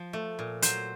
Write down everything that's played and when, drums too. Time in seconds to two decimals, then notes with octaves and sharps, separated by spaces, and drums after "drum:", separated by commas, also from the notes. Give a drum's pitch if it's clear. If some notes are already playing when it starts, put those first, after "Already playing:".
Already playing: F3
0.13 A3
0.39 A#2
0.62 F#3 C5, drum: hi-hat